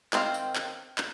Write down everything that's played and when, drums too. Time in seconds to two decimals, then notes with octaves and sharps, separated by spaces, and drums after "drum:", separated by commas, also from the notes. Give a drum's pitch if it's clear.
0.13 D#3 C4 F5, drum: clap
0.34 drum: tambourine
0.55 drum: clap
0.98 drum: clap